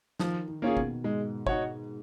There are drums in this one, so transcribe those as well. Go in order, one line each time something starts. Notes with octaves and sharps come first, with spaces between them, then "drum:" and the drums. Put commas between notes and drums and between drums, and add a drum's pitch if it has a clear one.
D#3 F3, drum: snare
D#3
A#3 C#4 F4 G#4
B2, drum: kick
G#2 G#3
D#4 F#4 C#5, drum: kick